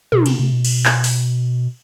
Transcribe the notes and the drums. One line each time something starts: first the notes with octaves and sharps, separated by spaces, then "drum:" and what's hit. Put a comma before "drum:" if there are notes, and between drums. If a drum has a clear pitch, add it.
B2, drum: tom
C3, drum: cymbal
C3
B2
drum: cymbal
drum: clap
drum: open hi-hat